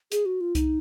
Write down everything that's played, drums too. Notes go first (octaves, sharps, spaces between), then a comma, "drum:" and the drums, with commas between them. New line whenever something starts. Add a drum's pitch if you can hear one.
G#4, drum: hi-hat
F#4
F4
D#4, drum: kick C2, hi-hat